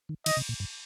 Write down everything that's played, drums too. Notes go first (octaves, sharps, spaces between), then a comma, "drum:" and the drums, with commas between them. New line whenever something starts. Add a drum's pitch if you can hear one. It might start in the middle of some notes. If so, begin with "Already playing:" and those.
D#3
D#3 D#5, drum: cymbal
C3
A#2
G2